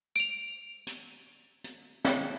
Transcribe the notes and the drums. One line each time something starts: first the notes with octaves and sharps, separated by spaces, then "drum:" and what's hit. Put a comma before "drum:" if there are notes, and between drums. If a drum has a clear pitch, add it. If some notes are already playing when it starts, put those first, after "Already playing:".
D7 F7, drum: tambourine
drum: hi-hat
drum: hi-hat
drum: snare